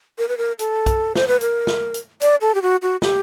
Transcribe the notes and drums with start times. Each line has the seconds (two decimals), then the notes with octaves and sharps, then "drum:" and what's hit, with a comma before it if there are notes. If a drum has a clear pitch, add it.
0.18 A#4
0.29 B4
0.38 A#4
0.59 A4, drum: hi-hat
0.86 drum: kick B1, hi-hat
1.15 C5, drum: snare
1.28 B4
1.41 A#4, drum: hi-hat
1.67 drum: snare
1.94 drum: hi-hat
2.21 D5, drum: hi-hat
2.41 A4
2.55 G4
2.62 F#4
2.82 F#4
3.02 G4, drum: snare